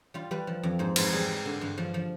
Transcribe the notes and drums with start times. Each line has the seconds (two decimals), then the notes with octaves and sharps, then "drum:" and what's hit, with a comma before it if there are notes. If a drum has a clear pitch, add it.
0.14 G3 F4
0.31 G3 B4
0.47 F3
0.63 F2
0.79 G#2 C5
0.96 G#2 B4, drum: cymbal
1.12 G3 G#4
1.28 G3
1.45 D3
1.61 G2
1.78 F3
1.94 F3